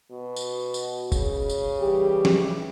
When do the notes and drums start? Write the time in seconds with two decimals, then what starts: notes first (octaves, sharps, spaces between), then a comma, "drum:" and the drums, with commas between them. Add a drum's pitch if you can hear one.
0.12 B2
0.36 drum: tambourine
0.74 drum: tambourine
1.12 C#3, drum: kick, tambourine
1.49 drum: tambourine
1.80 E3 G3 G4
2.25 drum: snare